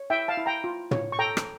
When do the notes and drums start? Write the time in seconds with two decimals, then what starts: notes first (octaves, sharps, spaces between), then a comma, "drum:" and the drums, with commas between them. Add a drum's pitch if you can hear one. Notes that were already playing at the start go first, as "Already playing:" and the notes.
Already playing: C#5
0.10 E4 E5 G5
0.28 F5 A5
0.37 E4
0.46 G5 A#5
0.64 F4
0.91 C#5, drum: tom
1.12 C#6
1.19 A4 G5 A#5
1.37 drum: rim click